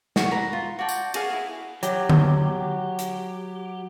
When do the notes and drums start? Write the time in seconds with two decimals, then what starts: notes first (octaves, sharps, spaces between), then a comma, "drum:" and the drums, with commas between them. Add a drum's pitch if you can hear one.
0.16 F#4, drum: snare
0.31 B4 A#5 B5
0.53 F4
0.79 F#4 D5 G5 A5
0.89 drum: tambourine
1.14 F#4 G#4 F5, drum: cymbal
1.30 E4 G#4
1.83 F#3 G4, drum: hi-hat
2.10 drum: tom D3
2.99 drum: hi-hat